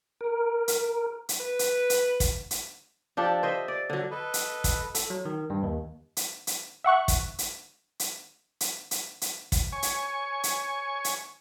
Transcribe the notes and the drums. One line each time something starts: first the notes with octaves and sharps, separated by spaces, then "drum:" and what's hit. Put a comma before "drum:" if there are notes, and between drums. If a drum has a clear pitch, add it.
A#4
drum: hi-hat
drum: hi-hat
B4
drum: hi-hat
drum: hi-hat
drum: kick, hi-hat
drum: hi-hat
F3 D4 G4 A4
C5 D#5 E5
D5
D3 F#3
A4 B4 D#5
drum: hi-hat
drum: kick, hi-hat
A4, drum: hi-hat
F#3
D#3
G2
D#2
drum: hi-hat
drum: hi-hat
E5 F#5 C#6 F#6
drum: kick, hi-hat
drum: hi-hat
drum: hi-hat
drum: hi-hat
drum: hi-hat
drum: hi-hat
drum: kick, hi-hat
C#5 G#5 C#6
drum: hi-hat
drum: hi-hat
drum: hi-hat